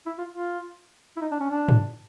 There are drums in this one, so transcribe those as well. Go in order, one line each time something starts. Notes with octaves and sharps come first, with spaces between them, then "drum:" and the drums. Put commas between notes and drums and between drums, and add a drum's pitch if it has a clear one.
E4
F4
F4
E4
D#4
D4
C#4
D4
drum: tom